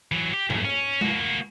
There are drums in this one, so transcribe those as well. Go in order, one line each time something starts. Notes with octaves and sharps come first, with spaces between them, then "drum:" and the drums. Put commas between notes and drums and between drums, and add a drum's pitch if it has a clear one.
E3 F#3
G4
C#2 F#2, drum: tom G#2
C#4
A#3 F#4, drum: tom G#3